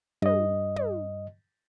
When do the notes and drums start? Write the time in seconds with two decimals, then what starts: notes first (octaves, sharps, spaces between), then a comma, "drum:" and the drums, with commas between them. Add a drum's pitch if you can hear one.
0.22 G2 D#5, drum: tom
0.76 drum: tom